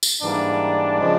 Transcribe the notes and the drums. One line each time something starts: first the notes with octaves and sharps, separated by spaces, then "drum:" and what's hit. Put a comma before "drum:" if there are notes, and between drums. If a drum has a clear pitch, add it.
drum: tambourine
G#2 E3 G3 A#3 D4
C#3 F3 G#3